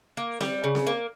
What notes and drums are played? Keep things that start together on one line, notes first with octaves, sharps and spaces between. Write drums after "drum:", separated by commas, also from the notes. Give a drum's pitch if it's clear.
A#3
G3, drum: snare C4
C#3
drum: snare C4
A#3